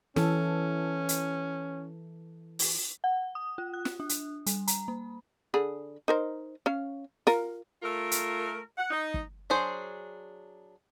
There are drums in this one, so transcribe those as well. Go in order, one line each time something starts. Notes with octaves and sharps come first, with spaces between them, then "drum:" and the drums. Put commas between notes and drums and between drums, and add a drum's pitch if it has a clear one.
E3 C#4 A4, drum: snare
drum: hi-hat
drum: open hi-hat
F#5
D#6
F4
F#6
drum: snare
D4
drum: hi-hat
G3, drum: hi-hat
A#5, drum: hi-hat
A#3
D3 G#4 B5
D#4 A#4 C5
C#4 F5
F4 A#4, drum: snare
A3 F4 A#4
drum: hi-hat
F#5
D#4
drum: kick
F#3 D4 G#4 C5